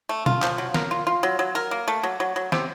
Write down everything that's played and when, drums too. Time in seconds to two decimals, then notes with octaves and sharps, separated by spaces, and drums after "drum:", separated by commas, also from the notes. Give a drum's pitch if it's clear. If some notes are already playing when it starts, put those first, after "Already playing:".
0.09 A3
0.26 F4, drum: tom B2
0.42 F3, drum: clap
0.58 F#3
0.74 A#4, drum: snare
0.91 F4
1.07 F4
1.23 F#3
1.39 F#3
1.55 A#4
1.71 A#3
1.88 A3
2.03 F#3
2.20 F#3
2.36 F#3
2.52 C3, drum: snare